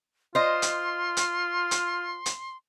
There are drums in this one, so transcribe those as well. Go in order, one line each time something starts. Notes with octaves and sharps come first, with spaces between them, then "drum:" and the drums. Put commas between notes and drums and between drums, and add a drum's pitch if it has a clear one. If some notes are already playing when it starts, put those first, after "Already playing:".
F4 C5 D#5 C6
drum: hi-hat
drum: hi-hat
drum: hi-hat
drum: hi-hat